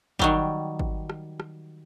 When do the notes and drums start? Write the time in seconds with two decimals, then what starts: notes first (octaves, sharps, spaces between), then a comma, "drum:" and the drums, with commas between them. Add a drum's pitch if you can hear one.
0.19 D#3 F#3 G3, drum: kick G#1
0.79 drum: kick G#1
1.10 drum: rim click
1.40 drum: rim click